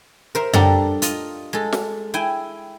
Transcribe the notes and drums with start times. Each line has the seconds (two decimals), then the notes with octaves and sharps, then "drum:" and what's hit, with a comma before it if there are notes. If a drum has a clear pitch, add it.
0.35 A#4 C5 E5
0.53 G3 D4 G4 A4 F#5 A#5, drum: tom F#2
1.02 F4 D#5, drum: hi-hat
1.53 G#3 A4
1.73 drum: snare
2.14 E4 G5 G#5